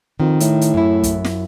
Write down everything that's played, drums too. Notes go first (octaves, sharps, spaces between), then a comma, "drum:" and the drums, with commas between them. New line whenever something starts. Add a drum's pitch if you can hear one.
F2 D#3
A2, drum: hi-hat
drum: hi-hat
F#2 E4
drum: kick, hi-hat
drum: snare